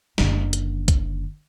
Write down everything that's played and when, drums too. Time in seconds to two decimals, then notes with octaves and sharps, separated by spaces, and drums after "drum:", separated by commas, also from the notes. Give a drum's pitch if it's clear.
0.18 F#1 D3, drum: snare
0.53 drum: hi-hat
0.88 drum: kick B1, hi-hat